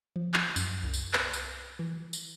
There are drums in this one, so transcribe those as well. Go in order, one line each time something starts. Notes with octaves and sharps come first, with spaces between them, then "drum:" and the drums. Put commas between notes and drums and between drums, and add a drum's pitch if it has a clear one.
F3
drum: clap
F#2, drum: tambourine
C2
drum: tambourine
B4, drum: clap
drum: tambourine
E3
drum: tambourine